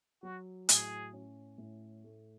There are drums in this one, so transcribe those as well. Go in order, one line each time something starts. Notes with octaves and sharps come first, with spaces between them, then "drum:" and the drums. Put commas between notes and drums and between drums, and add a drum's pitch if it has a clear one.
F#3 F#4
A2 G#4, drum: hi-hat
C#4
A2
A3